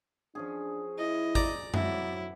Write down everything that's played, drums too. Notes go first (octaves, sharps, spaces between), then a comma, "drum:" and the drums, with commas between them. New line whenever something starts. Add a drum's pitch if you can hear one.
F3 C#4 D4 G#4
E4 D#5
D5 A#5, drum: kick G#1
F#3 E4 A4 E5 F#5, drum: tom F#2